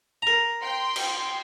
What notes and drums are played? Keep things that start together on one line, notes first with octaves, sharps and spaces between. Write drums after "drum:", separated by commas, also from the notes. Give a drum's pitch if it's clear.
A#4 A#5
G5 C6
drum: cymbal